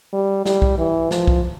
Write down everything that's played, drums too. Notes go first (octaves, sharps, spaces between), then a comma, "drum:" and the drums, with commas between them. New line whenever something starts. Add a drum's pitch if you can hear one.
G3
G3, drum: snare
drum: kick
E3
F3, drum: snare
drum: kick